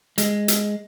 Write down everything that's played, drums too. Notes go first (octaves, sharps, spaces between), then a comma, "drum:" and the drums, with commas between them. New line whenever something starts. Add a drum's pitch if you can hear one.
G#3, drum: hi-hat
drum: hi-hat